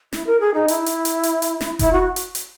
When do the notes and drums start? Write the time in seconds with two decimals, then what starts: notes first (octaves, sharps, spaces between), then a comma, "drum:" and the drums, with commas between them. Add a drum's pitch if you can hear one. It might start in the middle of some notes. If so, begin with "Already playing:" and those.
0.13 E4, drum: snare
0.26 A#4
0.40 G#4
0.54 D#4
0.68 E4, drum: hi-hat
0.86 drum: hi-hat
1.05 drum: hi-hat
1.23 drum: hi-hat
1.42 drum: hi-hat
1.61 drum: snare
1.79 E4, drum: kick F1, hi-hat
1.92 F#4
2.16 drum: hi-hat
2.35 drum: hi-hat